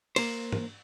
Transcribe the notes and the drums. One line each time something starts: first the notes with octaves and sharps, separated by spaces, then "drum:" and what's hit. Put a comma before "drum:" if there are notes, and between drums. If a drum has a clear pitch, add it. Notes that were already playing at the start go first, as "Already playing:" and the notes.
A#3 C5, drum: cymbal
drum: tom